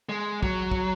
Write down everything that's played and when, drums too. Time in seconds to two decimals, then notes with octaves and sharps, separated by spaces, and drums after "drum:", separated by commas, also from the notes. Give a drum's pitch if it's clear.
0.09 G#3
0.43 F#3, drum: kick
0.71 drum: kick